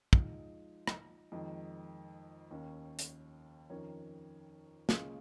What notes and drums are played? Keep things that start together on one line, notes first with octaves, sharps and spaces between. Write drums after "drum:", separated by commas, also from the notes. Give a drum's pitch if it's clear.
F3 G#3 D#4, drum: kick
drum: rim click
F2 D#3 G#3
D#2 D#3 C#4
drum: hi-hat
F2 D#3 C#4 A#4 C#5
C#3 G#3 C#4 F4 G#4, drum: snare